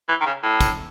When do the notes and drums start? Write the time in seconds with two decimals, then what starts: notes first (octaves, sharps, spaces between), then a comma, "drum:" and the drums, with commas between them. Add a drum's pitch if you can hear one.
0.09 E3
0.21 D#3
0.26 C#3
0.43 A2
0.61 drum: kick, tambourine